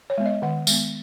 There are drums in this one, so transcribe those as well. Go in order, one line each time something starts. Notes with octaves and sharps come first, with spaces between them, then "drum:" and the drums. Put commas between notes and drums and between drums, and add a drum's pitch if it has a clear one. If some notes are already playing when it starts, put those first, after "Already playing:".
C#5
G#3 B3
D#5
D#3 F#5
G#3 B3, drum: tambourine